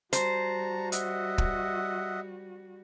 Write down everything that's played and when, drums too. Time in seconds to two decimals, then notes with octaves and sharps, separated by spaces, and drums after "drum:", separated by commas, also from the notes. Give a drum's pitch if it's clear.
0.13 G3 F#4 C5 A5 A#5, drum: hi-hat
0.92 D#5 E5 F#5, drum: hi-hat
1.38 drum: kick